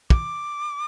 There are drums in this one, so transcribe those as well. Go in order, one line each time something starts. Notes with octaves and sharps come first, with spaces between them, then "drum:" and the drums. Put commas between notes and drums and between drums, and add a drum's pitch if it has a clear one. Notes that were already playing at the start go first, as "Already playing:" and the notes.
D6, drum: kick